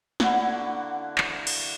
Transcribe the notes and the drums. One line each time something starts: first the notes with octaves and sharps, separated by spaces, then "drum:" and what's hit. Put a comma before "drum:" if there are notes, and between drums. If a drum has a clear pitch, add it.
D3 A#3 E4 F#4, drum: snare
drum: clap
drum: cymbal